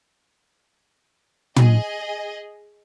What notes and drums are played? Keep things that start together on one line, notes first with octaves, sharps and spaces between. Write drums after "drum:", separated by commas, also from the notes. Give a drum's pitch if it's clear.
G#4 D#5, drum: tom